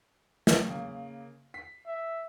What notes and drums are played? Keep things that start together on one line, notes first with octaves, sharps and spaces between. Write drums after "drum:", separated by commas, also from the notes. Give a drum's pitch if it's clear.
drum: snare
C#3 A#3
B6 C7
E5